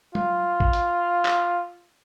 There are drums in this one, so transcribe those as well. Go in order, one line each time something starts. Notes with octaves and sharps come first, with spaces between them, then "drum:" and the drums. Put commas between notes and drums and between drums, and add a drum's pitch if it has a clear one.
F4, drum: tom F#3
drum: kick
drum: hi-hat
drum: clap